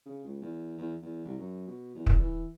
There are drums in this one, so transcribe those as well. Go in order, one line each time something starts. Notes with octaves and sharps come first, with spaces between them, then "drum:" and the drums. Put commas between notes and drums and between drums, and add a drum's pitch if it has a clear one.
C#3
C#2
E2
E2
E2
C2
F#2
B2
E2
drum: kick
E3